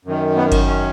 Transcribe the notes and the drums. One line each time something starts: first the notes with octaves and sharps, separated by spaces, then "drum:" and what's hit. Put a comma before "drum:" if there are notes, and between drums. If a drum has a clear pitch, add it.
F#2 D#3
B3
drum: kick G1, cymbal
C#4